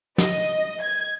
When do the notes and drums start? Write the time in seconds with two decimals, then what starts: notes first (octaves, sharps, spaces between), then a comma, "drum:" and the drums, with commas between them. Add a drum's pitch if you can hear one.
0.18 D#5, drum: snare
0.82 G#6